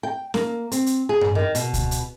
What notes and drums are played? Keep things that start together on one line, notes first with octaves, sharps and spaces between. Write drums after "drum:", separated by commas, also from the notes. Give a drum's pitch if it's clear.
G5
A#3, drum: snare C#4
C4, drum: hi-hat
drum: hi-hat
G#4
drum: tom G2
D#3
B2, drum: hi-hat
drum: kick C#2, hi-hat
drum: hi-hat